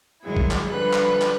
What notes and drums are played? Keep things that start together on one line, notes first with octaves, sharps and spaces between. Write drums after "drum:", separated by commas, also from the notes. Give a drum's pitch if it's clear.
G2 D#3 F#3 G#3 E4
drum: kick
drum: clap
D3 F3 G3 B4 B5 F#6
drum: clap
drum: clap